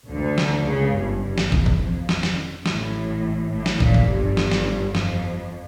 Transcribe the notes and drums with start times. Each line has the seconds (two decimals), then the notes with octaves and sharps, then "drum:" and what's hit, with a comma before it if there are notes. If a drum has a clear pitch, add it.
0.09 D2 D3
0.38 drum: snare
0.66 C#2 C#3
0.95 G1 G2
1.23 G1 G2
1.38 drum: snare
1.52 E2, drum: kick
1.66 drum: kick
1.81 F2
2.09 drum: snare
2.23 drum: snare
2.66 A1 A2, drum: snare
3.52 A1 A2
3.66 drum: snare
3.80 A#1 A#2, drum: kick
3.94 drum: kick
4.08 G1 G2
4.37 drum: snare
4.51 drum: snare
4.95 F2, drum: snare